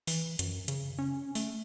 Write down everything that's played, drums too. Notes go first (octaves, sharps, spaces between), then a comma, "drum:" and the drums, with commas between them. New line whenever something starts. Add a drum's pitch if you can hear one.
E3, drum: open hi-hat
F#2, drum: hi-hat
C#3, drum: hi-hat
C#4
A3, drum: open hi-hat